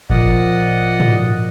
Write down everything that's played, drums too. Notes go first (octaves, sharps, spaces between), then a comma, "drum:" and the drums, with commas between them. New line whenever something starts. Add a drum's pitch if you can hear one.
A#2 F3 A#4 D5 D#5 F#5, drum: kick G1
drum: tom